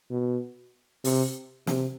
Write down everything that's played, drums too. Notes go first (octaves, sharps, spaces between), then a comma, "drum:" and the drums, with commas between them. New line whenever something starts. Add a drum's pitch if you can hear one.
B2
C3, drum: open hi-hat
C3, drum: snare